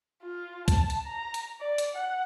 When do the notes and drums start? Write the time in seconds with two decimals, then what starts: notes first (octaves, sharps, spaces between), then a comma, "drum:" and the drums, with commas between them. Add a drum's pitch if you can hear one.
0.23 F4
0.68 A5, drum: kick, hi-hat
0.90 drum: hi-hat
1.06 A#5
1.34 drum: hi-hat
1.60 D5
1.78 drum: hi-hat
1.94 F#5